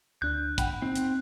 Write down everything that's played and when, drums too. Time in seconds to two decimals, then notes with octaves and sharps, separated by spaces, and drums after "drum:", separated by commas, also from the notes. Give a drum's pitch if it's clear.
0.22 D2 D4 F#6 G6
0.58 F#5 G5 B5, drum: kick, hi-hat
0.82 C4 D#4
0.95 drum: hi-hat